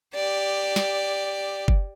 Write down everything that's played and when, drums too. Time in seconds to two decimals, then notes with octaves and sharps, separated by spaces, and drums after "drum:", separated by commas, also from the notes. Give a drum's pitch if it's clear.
0.15 G4 D5
0.76 drum: snare
1.68 drum: kick F#1